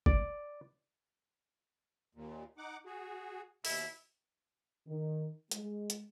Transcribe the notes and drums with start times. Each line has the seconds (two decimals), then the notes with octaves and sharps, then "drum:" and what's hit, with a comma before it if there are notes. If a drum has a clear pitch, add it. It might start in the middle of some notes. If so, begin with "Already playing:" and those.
0.06 D5, drum: kick
2.15 D#2 A#2
2.58 D#4 F#5 D6
2.86 F#4 G#4
3.65 D#2 B2 E4, drum: open hi-hat
4.87 D#3
5.51 G#3, drum: hi-hat
5.90 drum: hi-hat